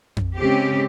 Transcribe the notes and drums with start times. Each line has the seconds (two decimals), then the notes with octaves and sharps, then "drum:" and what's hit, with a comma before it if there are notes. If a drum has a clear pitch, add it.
0.17 drum: tom F2
0.38 C#3 G#3 C4 G4